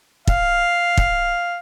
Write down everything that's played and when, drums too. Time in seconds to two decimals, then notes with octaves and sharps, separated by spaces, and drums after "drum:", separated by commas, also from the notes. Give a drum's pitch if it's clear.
0.27 F5, drum: kick
0.97 drum: kick